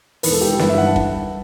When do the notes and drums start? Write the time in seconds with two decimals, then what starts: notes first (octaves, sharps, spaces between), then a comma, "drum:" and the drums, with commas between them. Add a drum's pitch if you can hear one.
0.23 E1 E2 D#3 B4, drum: open hi-hat
0.32 A4
0.41 G4
0.49 A4
0.59 G1 G2 E3 B4, drum: snare
0.69 E5
0.78 F#5
0.86 A5
0.96 drum: kick